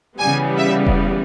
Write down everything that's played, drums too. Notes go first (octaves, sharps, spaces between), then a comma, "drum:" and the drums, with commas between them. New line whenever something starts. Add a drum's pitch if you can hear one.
C#3 E3 G3 B3 G#5
E5
drum: kick E1